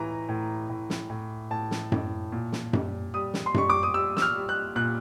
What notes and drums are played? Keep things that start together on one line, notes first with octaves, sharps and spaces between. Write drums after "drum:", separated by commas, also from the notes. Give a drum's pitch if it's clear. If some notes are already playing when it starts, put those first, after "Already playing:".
Already playing: A2 E3 A#5
A2
A2
drum: snare
A2
A2 A5
drum: snare
A2, drum: tom F#2
A#2
drum: snare
G3, drum: tom F#2
G3 D#6
drum: snare
C6
G3 C#6, drum: tom F#2
D6
D#6
G3 E6
E6, drum: snare
F6
G3
F#6
A#2 F#6